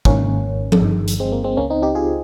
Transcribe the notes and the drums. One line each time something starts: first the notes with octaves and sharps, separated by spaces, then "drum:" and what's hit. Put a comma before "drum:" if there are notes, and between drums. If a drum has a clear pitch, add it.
G#1 G#2 D#3 A#3 C#4, drum: kick
drum: tom F3
G1 G2 D#3
drum: hi-hat
G#3 C4
A#3
G#3 C4
C#2 C#3 A#3 C#4
C4 D#4
D#4 G4
F4 G#4